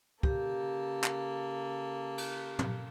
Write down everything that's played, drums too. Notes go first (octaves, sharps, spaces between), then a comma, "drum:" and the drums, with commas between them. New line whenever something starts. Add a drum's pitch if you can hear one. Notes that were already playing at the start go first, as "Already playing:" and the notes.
C#3 A#3 G4 A4, drum: kick
drum: clap
drum: cymbal
drum: tom